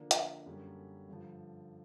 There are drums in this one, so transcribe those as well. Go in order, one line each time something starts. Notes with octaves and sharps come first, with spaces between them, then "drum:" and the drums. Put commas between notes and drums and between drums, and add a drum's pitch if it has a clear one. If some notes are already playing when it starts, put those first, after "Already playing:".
Already playing: D3 F3 A#3 D4
drum: hi-hat
F#2 D3 G3 A#3 C#4
G2 D3 F3